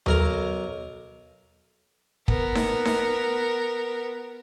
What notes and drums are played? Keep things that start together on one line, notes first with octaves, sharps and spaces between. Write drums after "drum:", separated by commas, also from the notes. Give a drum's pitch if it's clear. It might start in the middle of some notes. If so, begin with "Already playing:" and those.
B1 A#4 A#5, drum: tom D#2
B3 A#4, drum: kick
drum: snare D#4
drum: snare D#4